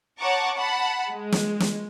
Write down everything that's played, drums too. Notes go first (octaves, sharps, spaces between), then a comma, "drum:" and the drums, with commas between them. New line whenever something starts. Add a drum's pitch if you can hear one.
C#5 F#5 A5 A#5 C#6 D6
F#5 A5 B5
G#3
drum: snare
drum: snare